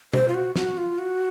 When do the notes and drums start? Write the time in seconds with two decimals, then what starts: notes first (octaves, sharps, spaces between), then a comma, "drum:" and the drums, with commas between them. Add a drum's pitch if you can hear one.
0.13 C5, drum: tom
0.28 F4
0.35 F#4
0.56 F#4, drum: snare
0.78 F4
0.98 F#4